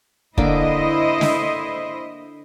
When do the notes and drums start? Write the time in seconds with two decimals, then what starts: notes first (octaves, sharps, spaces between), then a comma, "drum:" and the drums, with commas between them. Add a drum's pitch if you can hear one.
0.38 D3 A#3 E4 C5 D#5 D6, drum: kick
1.21 drum: snare